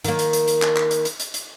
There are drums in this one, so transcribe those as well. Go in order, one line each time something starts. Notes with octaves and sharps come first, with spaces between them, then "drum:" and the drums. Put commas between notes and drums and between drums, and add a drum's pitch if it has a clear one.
D#3 A#3, drum: hi-hat
drum: hi-hat
drum: hi-hat
drum: hi-hat
drum: clap
drum: clap
drum: hi-hat
drum: hi-hat
drum: hi-hat
drum: hi-hat